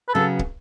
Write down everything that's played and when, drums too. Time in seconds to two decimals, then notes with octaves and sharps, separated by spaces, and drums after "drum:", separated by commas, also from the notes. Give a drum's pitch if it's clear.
0.09 B4
0.14 C#3 F#3 B3 A4
0.39 drum: kick